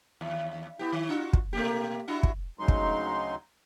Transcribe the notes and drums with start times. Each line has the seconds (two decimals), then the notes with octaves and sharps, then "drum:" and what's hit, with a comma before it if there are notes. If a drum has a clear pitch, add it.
0.21 D#2
0.79 B3 E4 G4
0.92 D#3
1.09 D4 F4 F#4
1.33 drum: kick
1.53 B2 A3 A#3 G4
2.08 D4 E4 F#4
2.23 drum: kick
2.59 D2 C#3 F#3 G#3 D#4 C6
2.68 drum: kick